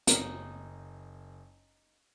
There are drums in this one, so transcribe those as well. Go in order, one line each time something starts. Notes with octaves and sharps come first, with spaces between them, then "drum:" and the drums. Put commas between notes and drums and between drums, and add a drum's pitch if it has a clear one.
F#1 A#3 D#4 A#4, drum: hi-hat